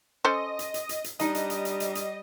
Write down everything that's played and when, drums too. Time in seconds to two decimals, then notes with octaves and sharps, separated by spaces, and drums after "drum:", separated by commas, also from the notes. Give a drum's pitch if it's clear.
0.25 C#4 A4 C5 D#5
0.59 drum: hi-hat
0.74 drum: hi-hat
0.89 drum: hi-hat
1.04 drum: hi-hat
1.19 G3 D4 D#4 D#5, drum: hi-hat
1.35 drum: hi-hat
1.50 drum: hi-hat
1.65 drum: hi-hat
1.80 drum: hi-hat
1.95 drum: hi-hat